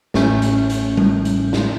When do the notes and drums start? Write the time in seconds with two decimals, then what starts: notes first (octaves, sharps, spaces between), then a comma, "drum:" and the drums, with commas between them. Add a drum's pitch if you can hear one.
0.14 A1 A2 A3 C#4 G6, drum: snare
0.42 drum: hi-hat
0.70 drum: hi-hat
0.97 drum: tom G3
1.25 drum: hi-hat
1.53 drum: snare